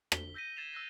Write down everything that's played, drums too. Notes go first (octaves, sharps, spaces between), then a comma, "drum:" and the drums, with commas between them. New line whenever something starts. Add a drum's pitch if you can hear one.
B6 G7, drum: rim click
E6 G6 A#6 B6 D#7
G#6 A6 C7 E7 F7
E6 F#6 A#6 C7